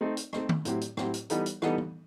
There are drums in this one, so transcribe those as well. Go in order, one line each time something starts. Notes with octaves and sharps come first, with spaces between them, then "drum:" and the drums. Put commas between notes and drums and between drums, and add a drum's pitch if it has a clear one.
A3 C4 D#4
drum: hi-hat
A3 C4 D#4, drum: rim click
drum: tom D#3
A2 F#3 C4 E4 G4, drum: hi-hat
drum: hi-hat
A2 F#3 C4 E4 G4, drum: rim click
drum: hi-hat
E3 G3 B3 D#4 A4, drum: hi-hat
drum: hi-hat
E3 G3 B3 D#4 A4, drum: rim click
drum: tom E3